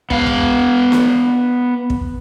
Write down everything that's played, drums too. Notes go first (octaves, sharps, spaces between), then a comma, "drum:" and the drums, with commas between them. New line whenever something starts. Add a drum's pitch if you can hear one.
B3 F5, drum: kick
drum: kick
drum: snare
drum: kick